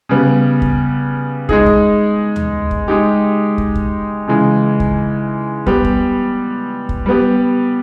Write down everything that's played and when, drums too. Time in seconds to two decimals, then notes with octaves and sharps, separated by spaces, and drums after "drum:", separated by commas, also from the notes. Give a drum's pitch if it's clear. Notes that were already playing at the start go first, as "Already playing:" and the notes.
0.09 C#3 G3 B3
0.62 drum: kick
1.49 G#3 D#4 G#4, drum: kick
1.66 drum: kick
2.36 drum: tom D2
2.71 drum: kick
2.88 G#3 D#4 G4
3.58 drum: kick
3.75 drum: kick
4.27 C#3 E3 G#3
4.80 drum: kick
5.66 G3 B3 G4, drum: kick
5.84 drum: kick
6.89 drum: kick
7.06 G3 B3 G4